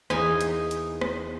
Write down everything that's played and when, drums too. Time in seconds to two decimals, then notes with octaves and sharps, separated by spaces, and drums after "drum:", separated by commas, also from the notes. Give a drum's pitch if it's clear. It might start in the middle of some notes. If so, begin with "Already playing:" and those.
0.10 E2 A#3 D#4 G#5, drum: rim click
0.41 drum: hi-hat
0.71 drum: hi-hat
1.01 drum: rim click